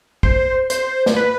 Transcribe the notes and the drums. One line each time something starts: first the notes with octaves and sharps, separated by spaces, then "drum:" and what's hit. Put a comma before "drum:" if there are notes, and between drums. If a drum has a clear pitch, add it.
C5, drum: kick
C5, drum: hi-hat
drum: snare
B4